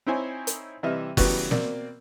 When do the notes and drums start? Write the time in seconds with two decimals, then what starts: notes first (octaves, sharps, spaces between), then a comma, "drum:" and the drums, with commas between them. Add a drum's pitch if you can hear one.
0.07 C4 D#4 E4 C5 C#5 G#5
0.47 drum: hi-hat
0.83 C3 E3 G3 D#5 E5 F6
1.17 C#3 E3 F#3 G3 B3 F#4, drum: kick F#1, open hi-hat
1.51 B2 A#3 C4 D5, drum: snare